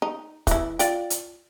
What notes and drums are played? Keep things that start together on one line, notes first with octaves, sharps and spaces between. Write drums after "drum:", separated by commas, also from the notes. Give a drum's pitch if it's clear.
D#4
E3 E4, drum: kick, hi-hat
F4 D5 G5, drum: hi-hat
drum: hi-hat